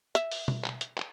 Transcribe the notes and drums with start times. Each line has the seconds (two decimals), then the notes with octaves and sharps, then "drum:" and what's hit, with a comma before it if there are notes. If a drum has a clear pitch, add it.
0.15 E5, drum: hi-hat
0.32 drum: open hi-hat
0.48 drum: tom B2
0.64 drum: clap
0.81 drum: hi-hat
0.97 drum: clap